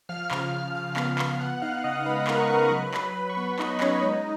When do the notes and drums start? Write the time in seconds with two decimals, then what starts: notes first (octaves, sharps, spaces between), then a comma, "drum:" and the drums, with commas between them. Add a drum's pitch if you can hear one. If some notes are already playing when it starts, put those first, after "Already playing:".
0.09 F3 F5 F6
0.31 C#3, drum: clap
0.53 C#3
0.75 C#3 F5 F6
0.96 B3, drum: clap
1.18 F3, drum: clap
1.40 B3 F#5 F#6
1.57 F#6
1.62 D#4 F5 F6
1.84 C#3 D#5 D#6
2.06 G#3 B4 B5
2.27 D#4 A#4 A#5, drum: clap
2.40 C#6
2.49 C#3 B4 B5
2.71 F#3
2.94 F#3, drum: clap
3.16 F#3
3.29 C#6
3.37 B3 B4 B5
3.59 F#3 D#4 D#5, drum: clap
3.80 F#3 C#4 C#5, drum: clap
4.02 G#3 D#4 D#5